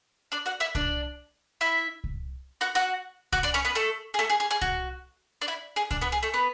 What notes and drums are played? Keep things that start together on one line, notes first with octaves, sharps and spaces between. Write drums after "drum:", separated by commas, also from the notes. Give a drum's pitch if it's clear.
D4 D5
F#4 F#5
E4 E5
D4 D5, drum: kick C2
E4 E5
drum: kick C2
F#4 F#5
F#4 F#5
F#4 F#5, drum: kick C2
D4 D5
C#4 C#5
B3 B4
A3 A4
G#4
A3 A4
G#4
G#4
G#4
F#4, drum: kick C2
D4
E4
G#4
D4 D5, drum: kick C2
B3 B4
G#4
A3 A4
B3 B4